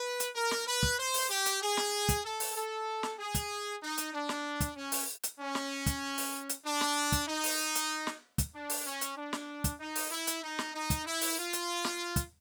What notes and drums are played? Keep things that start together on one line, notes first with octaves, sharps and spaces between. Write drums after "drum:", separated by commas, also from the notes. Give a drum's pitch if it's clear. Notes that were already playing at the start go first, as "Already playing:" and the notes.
Already playing: B4
drum: hi-hat
A#4
drum: snare
B4
drum: kick
C5
drum: open hi-hat
G4
drum: hi-hat
G#4
drum: snare
drum: kick, hi-hat
A4
drum: open hi-hat
A4
drum: snare
G#4
drum: kick, hi-hat
D#4
drum: hi-hat
D4
drum: snare
drum: kick, hi-hat
C#4
drum: open hi-hat
drum: hi-hat
C#4
drum: snare
drum: kick, hi-hat
drum: open hi-hat
drum: hi-hat
D4
drum: snare
drum: kick, hi-hat
D#4
drum: open hi-hat
drum: hi-hat
drum: snare
drum: kick, hi-hat
D4
drum: open hi-hat
C#4
drum: hi-hat
D4
drum: snare
drum: kick, hi-hat
D#4
drum: open hi-hat
E4
drum: hi-hat
D#4
drum: snare
D#4
drum: kick, hi-hat
E4
drum: open hi-hat
F4
drum: hi-hat
drum: snare
drum: kick, hi-hat